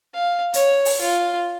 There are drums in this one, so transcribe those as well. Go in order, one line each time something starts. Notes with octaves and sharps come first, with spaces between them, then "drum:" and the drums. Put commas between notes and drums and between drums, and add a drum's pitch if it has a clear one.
F5
C#5, drum: hi-hat
drum: open hi-hat
F4